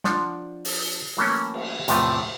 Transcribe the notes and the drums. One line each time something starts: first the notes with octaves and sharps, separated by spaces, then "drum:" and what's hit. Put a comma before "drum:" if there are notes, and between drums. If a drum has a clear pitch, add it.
F3 D4 F#5, drum: snare
drum: open hi-hat
E3 F#3 A3 A#3 C#4
drum: cymbal
E2 A2 C3 F3 A3, drum: hi-hat